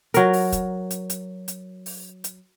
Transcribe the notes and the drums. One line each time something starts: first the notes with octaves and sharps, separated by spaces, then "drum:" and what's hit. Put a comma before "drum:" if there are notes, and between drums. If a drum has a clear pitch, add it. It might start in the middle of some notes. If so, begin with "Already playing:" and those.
F#3 A#4, drum: hi-hat
drum: open hi-hat
drum: kick, hi-hat
drum: hi-hat
drum: hi-hat
drum: hi-hat
drum: open hi-hat
drum: hi-hat